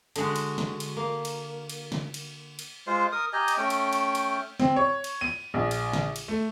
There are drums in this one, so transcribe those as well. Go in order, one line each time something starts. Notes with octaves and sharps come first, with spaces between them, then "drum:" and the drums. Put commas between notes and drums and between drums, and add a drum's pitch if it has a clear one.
D3 G#3 F#4, drum: cymbal
drum: cymbal
drum: snare
drum: cymbal
A#3
drum: cymbal
drum: cymbal
drum: snare
drum: cymbal
drum: cymbal
G#3 F4 C5
A#4 D#6
G4 D#5 G#5 A#5
drum: cymbal
A3 C#4 G5
drum: cymbal
drum: cymbal
drum: cymbal
C4, drum: snare
C#5
drum: cymbal
D#7
A#1
drum: cymbal
drum: snare
drum: cymbal
A3